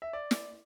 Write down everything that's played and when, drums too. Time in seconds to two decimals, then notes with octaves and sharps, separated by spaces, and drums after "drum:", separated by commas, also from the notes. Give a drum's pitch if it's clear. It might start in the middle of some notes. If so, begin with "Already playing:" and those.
0.02 E5
0.13 D5
0.31 drum: snare